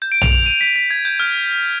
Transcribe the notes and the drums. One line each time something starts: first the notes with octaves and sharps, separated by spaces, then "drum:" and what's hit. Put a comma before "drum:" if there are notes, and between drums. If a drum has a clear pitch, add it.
G6
D7
F7, drum: tom
F7
D#7
B6
B6
G#6
G6
F6